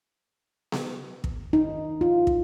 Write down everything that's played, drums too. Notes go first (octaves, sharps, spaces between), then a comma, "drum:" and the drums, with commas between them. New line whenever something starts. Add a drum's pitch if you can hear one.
drum: snare B3
drum: kick
D#4
F4
drum: kick